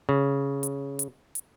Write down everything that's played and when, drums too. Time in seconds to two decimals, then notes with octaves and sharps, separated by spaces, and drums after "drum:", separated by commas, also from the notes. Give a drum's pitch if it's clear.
0.09 C#3
0.63 drum: hi-hat
0.99 drum: hi-hat
1.35 drum: hi-hat